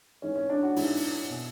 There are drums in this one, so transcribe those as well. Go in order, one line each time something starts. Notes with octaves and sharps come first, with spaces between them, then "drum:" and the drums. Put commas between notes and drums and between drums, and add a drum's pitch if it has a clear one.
G#2 E3 C#4
C#4
D4
F#4
G#2 E3 E4, drum: open hi-hat
drum: open hi-hat
B2